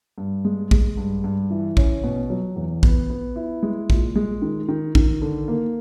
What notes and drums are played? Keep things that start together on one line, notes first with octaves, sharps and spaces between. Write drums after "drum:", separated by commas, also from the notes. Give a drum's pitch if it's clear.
G2
G#3
G#3, drum: kick A#1
G2
G2
E3
C#4, drum: kick A#1
B2
F#3
E2
B3, drum: kick A#1
B3
E4
G#3
A#2, drum: kick A#1
G#3
D#3
D#3
D#3, drum: kick A#1
D3
A#3